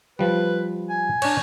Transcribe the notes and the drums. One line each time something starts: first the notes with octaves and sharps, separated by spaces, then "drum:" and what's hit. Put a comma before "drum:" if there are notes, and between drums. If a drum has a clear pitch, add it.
F3 G3 B4
G#5
D4 C#5, drum: cymbal